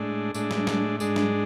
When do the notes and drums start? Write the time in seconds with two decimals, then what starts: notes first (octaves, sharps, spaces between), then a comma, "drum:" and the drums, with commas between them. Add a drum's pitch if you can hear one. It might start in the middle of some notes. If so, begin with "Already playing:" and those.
Already playing: A2 G#3 D4
0.34 A2 G#3 D4, drum: tambourine
0.51 drum: snare
0.67 drum: snare
1.00 G#2 G#3 D4, drum: tambourine
1.16 drum: snare